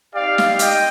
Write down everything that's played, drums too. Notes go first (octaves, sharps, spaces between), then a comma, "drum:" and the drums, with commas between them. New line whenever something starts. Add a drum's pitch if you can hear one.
C4 D#4 G4 D5 F5
drum: snare
D#5 G5, drum: hi-hat